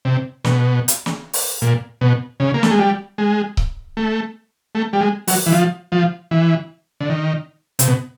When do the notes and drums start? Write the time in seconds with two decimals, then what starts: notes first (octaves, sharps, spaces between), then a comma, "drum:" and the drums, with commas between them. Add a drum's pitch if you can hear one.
0.05 C3
0.45 B2, drum: snare
0.88 drum: hi-hat
1.06 drum: snare
1.33 drum: open hi-hat
1.62 A#2
2.01 B2
2.40 C#3
2.54 A#3
2.63 A3, drum: snare
2.71 G#3
2.79 G3
3.18 G#3
3.57 drum: kick C#1
3.97 A3
4.75 A3
4.93 G3
5.01 G#3
5.28 F#3, drum: open hi-hat
5.46 E3
5.52 F3
5.92 F3
6.31 E3
7.01 D3
7.10 D#3
7.79 C3, drum: hi-hat
7.88 B2